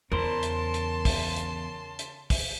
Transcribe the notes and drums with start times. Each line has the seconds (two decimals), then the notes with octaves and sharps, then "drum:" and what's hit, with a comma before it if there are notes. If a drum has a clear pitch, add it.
0.12 E2 C#3 A#4 C5 A5 C6
0.43 drum: hi-hat
0.74 drum: hi-hat
1.05 drum: kick, open hi-hat
1.36 drum: hi-hat
1.99 drum: hi-hat
2.30 drum: kick, open hi-hat